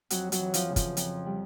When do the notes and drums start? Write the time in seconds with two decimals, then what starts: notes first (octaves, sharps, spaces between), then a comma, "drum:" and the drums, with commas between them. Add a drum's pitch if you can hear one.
0.10 F2 F#3 F#4, drum: hi-hat
0.32 F#3 F#4, drum: hi-hat
0.40 E3
0.54 F3 F4, drum: hi-hat
0.69 C#3
0.76 F3 F4, drum: kick, hi-hat
0.97 F2, drum: hi-hat
1.26 G3